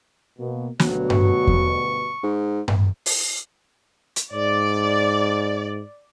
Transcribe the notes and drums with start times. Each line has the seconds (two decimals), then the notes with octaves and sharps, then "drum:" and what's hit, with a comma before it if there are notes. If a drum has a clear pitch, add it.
0.39 B2 A#3
0.80 D2 G2 B2 F#3, drum: snare
1.10 C#6, drum: tom G2
1.47 drum: kick E2
2.23 G#2
2.68 drum: tom G2
3.06 drum: open hi-hat
4.16 drum: hi-hat
4.33 G#2 D5